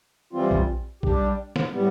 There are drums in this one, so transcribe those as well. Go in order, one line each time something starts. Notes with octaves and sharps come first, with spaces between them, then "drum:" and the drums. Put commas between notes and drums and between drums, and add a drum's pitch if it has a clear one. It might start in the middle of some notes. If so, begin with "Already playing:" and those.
E3 G3 C4 F4
drum: kick A#1
G3 D4 G4, drum: kick A#1
drum: snare
A2 G3 B3